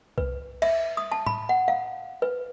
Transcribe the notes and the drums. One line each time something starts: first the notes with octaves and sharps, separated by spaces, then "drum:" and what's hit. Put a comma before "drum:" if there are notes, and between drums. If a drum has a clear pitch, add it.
B4, drum: kick C2
E5, drum: cymbal
D#6
A5
B5, drum: tom A2
F#5
F5
B4